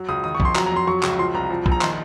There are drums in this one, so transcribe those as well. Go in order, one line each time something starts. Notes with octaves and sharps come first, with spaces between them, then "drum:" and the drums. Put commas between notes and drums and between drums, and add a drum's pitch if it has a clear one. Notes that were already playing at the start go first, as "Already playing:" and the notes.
Already playing: F#3
C#2 D#6
D#3 D#6
C#6
F2, drum: kick B1
C6
F#3 A#5, drum: clap
A#5
F2 C6
F#3 C#6
C#2, drum: clap
F3 C6
C2 A#5
F3
A#1, drum: kick B1
A#5
D#3 C6, drum: clap